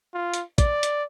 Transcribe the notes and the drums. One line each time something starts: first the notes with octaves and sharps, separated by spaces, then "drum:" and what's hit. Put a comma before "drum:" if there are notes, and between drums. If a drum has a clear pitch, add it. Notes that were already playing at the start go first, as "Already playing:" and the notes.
F4
drum: hi-hat
D5, drum: kick, hi-hat
drum: hi-hat